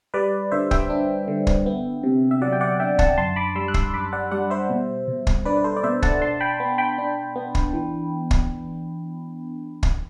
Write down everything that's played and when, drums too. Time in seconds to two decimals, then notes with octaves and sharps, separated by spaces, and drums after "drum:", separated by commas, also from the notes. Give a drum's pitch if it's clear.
0.14 G3 B4 D5
0.51 D3 C5 E5
0.71 E5 G5, drum: kick
0.90 D4
1.28 D3
1.47 drum: kick
1.66 B3
2.03 C3
2.31 E5
2.42 F#3 D5 F#5
2.53 G5
2.61 D5 F#5
2.80 D4 E5 G5
2.99 F#5 A5, drum: kick
3.17 F#2 A5 C6
3.36 B5 D6
3.55 G3 C6 E6
3.68 F#6
3.74 C6 E6, drum: kick
3.94 F#2 B5 D6
4.13 D5 F#5
4.31 G3 D5 F#5
4.50 C5 E5
4.70 B2
5.08 B2
5.27 drum: kick
5.45 D4 B4 D5
5.57 B4
5.64 A4 C5
5.77 D5
5.83 B2 C5 E5
6.03 F#5 A5, drum: kick
6.21 D4 A5 C6
6.40 G5 B5
6.60 B3
6.78 G5 B5
6.98 D4
7.36 B3
7.55 drum: kick
7.73 E3
8.31 drum: kick
9.83 drum: kick